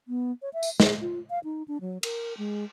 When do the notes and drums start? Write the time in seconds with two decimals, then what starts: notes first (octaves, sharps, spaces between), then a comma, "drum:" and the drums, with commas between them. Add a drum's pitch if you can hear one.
0.08 B3
0.42 C#5
0.54 E5
0.63 drum: tambourine
0.80 G#4, drum: snare
1.01 F4
1.30 F5
1.44 D#4
1.68 D4
1.81 F#3
2.03 A#4, drum: cymbal
2.38 G#3